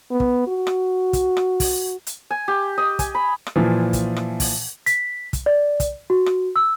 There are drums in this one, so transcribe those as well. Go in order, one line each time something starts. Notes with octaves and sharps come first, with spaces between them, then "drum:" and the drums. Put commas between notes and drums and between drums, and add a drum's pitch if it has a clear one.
B3
drum: kick
F#4
drum: rim click
drum: kick, hi-hat
drum: rim click
drum: kick, open hi-hat
drum: hi-hat
G#5
G4
D#5
G#5, drum: kick, hi-hat
B5
drum: rim click
A#2 E3 F3
drum: kick, hi-hat
drum: rim click
drum: kick, open hi-hat
B6, drum: hi-hat
drum: kick, hi-hat
D5
drum: kick, hi-hat
F#4
drum: rim click
E6